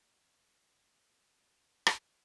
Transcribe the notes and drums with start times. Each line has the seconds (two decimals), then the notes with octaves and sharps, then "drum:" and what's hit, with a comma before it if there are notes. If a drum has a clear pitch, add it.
0.21 G#3 A#3 B4 G#6 D#7 E7
1.87 drum: rim click